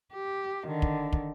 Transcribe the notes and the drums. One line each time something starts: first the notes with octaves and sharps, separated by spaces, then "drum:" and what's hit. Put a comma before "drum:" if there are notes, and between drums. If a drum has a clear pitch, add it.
G4
D3 D#3
drum: kick
drum: kick